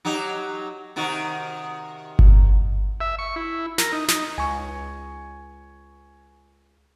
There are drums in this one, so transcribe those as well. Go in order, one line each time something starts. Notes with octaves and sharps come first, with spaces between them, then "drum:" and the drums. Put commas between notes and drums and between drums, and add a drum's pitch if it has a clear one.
F#3 D#4 G4
C3 D#3 F#4
drum: kick G1
E5
C#6
E4
A#4, drum: snare
D#4
D#4, drum: snare
C#2 G#5 C#6